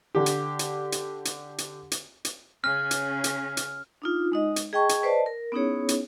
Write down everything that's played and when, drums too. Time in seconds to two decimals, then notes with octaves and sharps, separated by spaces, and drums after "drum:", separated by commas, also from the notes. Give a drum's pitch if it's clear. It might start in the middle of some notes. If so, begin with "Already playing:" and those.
0.15 D3 G4
0.26 drum: hi-hat
0.59 drum: hi-hat
0.92 drum: hi-hat
1.25 drum: hi-hat
1.58 drum: hi-hat
1.91 drum: hi-hat
2.25 drum: hi-hat
2.64 C#3 C#4 F6
2.91 drum: hi-hat
3.24 drum: hi-hat
3.57 drum: hi-hat
4.02 D4 D#4 F4
4.32 G#3 D#4 D#5
4.56 drum: hi-hat
4.73 G#4 D#5 G5 A5 C#6
4.89 drum: hi-hat
5.03 B4 C5 D5 D#5 A5
5.26 A#4
5.52 B3 C#4 D#4 E4 G#4 C#5
5.89 drum: hi-hat